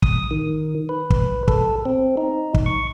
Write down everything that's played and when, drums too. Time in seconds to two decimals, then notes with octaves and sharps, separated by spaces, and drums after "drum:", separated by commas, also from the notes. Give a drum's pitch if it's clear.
0.02 D#6, drum: kick
0.31 D#3
0.89 B4
1.10 drum: kick
1.48 A4, drum: kick
1.85 C4
2.17 D#4
2.54 drum: kick
2.66 C#6